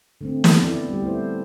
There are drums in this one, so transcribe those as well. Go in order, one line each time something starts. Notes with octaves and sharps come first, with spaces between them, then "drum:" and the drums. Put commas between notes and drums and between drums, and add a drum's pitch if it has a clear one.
D3 A3 C4
drum: snare
B3 E4 D5
G3 G4
A3 E4 B4 C5